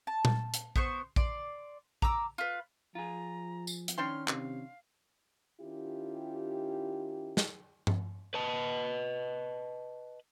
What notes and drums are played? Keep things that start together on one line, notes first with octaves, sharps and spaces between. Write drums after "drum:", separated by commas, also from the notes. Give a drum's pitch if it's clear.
A5
drum: tom A#2
drum: hi-hat
B3 C5 C#6, drum: kick A#1
D5 C6, drum: kick A#1
A#5 D6 E6, drum: kick A#1
F4 B4
F3 F4 G#4 A#5
drum: tambourine
drum: hi-hat
D#3 C#4 D4 C#5 G5 C6 F6
C3 F5, drum: clap
D#3 C#4 E4 F4 G4
drum: snare
drum: tom G2
B4 D#5 A5